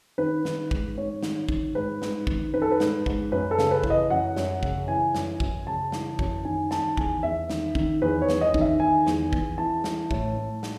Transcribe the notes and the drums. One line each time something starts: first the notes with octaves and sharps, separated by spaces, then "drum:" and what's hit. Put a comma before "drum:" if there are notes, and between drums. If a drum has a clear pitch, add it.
D#3 B4
D#3, drum: snare
G#2, drum: kick
G#2 C#5
D#3, drum: snare
D#3, drum: kick
G#2 B4
G#2, drum: snare
D#3, drum: kick
D#3 B4
A4
B4
G#2, drum: snare
G#2, drum: kick
F#2 B4
A4
C#3, drum: snare
B4
E3, drum: kick
D#5
F#2 F#5
F#2, drum: snare
C#3, drum: kick
E3 G#5
F#2, drum: snare
F#2, drum: kick
C#3 A5
E3, drum: snare
F#2, drum: kick
D#3 G#5
D#3 A5, drum: snare
E2 G#5, drum: kick
E2 E5
D#3, drum: snare
D#3, drum: kick
E2 B4
C#5
E2, drum: snare
D#5
D#3, drum: kick
E5
D#3 G#5
E2, drum: snare
E2, drum: kick
E3 A5
E3, drum: snare
A2, drum: kick
A2
drum: snare